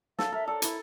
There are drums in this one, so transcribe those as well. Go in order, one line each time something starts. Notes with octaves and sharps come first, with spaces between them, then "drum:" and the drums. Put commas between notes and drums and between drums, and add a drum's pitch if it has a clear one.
A4 F5, drum: snare
A#4 E5
A4 D5
E4, drum: hi-hat